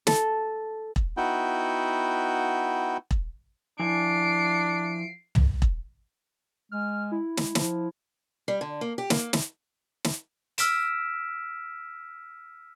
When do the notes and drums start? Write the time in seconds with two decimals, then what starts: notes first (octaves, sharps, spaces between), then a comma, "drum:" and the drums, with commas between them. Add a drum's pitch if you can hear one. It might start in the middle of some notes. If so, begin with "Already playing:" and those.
0.07 A4, drum: snare
0.96 drum: kick E1
1.17 B3 D#4 E4 F#4 G5
3.11 drum: kick E1
3.80 F3 D4 E4 G#5 C7 D7
5.35 drum: tom
5.62 drum: kick E1
6.72 G#3 F6
7.12 E4
7.37 G#3, drum: snare
7.55 F3, drum: snare
8.48 G3
8.61 D3
8.81 A#3
8.98 G4
9.10 A#3, drum: snare
9.33 drum: snare
10.04 drum: snare
10.58 E6 F6 B6 D7 E7, drum: hi-hat